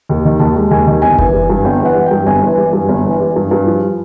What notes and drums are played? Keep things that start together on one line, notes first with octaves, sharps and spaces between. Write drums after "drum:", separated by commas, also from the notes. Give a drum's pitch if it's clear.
D#2
D#3
D#2 A5
G#3
D#2 G#5
D#3
G1 G#5
E3, drum: kick F#1
G3
G2
G1 G5
E3
F#5
G3
G2 G5
G1 G#5
E3
G3
G2
G1
E3
G3
G2
G2
F3